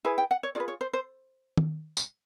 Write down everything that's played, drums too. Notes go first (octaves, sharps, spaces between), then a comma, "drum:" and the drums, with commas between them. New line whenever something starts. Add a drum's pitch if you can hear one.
E4 G#4 B4 G#5
G5
F#5
C#5
F4 G#4 B4 D5
C#5
C5
C5
drum: tom D#3
drum: tambourine